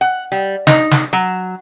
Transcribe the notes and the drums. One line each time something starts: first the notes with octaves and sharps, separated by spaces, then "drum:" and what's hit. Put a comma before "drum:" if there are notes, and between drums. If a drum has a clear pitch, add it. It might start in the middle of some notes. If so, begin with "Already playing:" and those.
F#5
G3
D#4, drum: snare
drum: snare
F#3